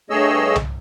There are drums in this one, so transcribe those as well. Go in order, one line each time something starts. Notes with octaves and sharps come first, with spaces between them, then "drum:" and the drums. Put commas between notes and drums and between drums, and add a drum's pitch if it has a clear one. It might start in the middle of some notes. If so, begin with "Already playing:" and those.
G2 A3 G#4 C#5 D#5 E6
drum: tom C2